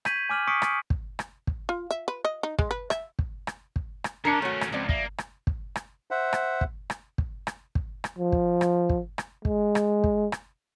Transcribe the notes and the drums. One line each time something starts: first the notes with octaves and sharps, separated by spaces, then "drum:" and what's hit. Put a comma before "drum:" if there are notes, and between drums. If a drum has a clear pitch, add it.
C#6 G6 G#6 B6 D#7 F#7, drum: rim click
G#5 D6 F6 D#7 F#7
C#6 D#6 B6 C#7 D7
drum: rim click
drum: kick
drum: rim click
drum: kick
F4
E5
B4
D#5
D#4
G#3, drum: kick
B4
E5, drum: rim click
drum: kick
drum: rim click
drum: kick
drum: rim click
D#3 C#4 D4 A#4 A#5 C7 C#7
A3 F#4 C#5
drum: rim click
C#2 F3 C4 D5
A#3 E5, drum: kick
drum: rim click
drum: kick
drum: rim click
C5 E5 F#5
drum: rim click
drum: kick
drum: rim click
drum: kick
drum: rim click
drum: kick
drum: rim click
F3
drum: kick
drum: rim click
drum: kick
drum: rim click
G#3, drum: kick
drum: rim click
drum: kick
drum: rim click